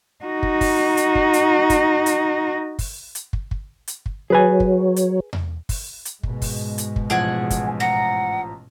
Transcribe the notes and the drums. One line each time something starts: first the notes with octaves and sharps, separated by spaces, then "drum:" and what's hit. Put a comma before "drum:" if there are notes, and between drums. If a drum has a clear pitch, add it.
D#4 F#4
drum: kick
drum: kick, open hi-hat
drum: hi-hat
drum: kick
drum: hi-hat
drum: kick, hi-hat
drum: hi-hat
drum: kick, open hi-hat
drum: hi-hat
drum: kick
drum: kick
drum: hi-hat
drum: kick
F#3 G#4 B4 G#5
drum: kick
drum: hi-hat
drum: tom E2
drum: kick, open hi-hat
drum: hi-hat
G#2 B2 G#3, drum: kick
drum: kick, open hi-hat
drum: hi-hat
drum: kick
A1 F3 G#4 F#5 G#5 D7
drum: kick, hi-hat
F#5 A#5